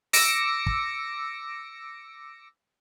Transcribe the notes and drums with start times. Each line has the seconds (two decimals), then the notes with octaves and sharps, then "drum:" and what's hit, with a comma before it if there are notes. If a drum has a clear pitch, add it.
0.13 D6 E6 A#6 C#7 D7, drum: open hi-hat
0.66 drum: kick